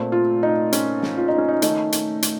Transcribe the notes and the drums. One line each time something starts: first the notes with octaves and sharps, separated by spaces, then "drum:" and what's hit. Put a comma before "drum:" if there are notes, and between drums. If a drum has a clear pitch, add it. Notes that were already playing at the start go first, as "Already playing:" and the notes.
Already playing: A#2 A3 C4
F4
D#4
C#4, drum: hi-hat
drum: snare
F4
D#4
C#4
D#4
D#3 A3 C#4 D#4, drum: hi-hat
drum: hi-hat
drum: hi-hat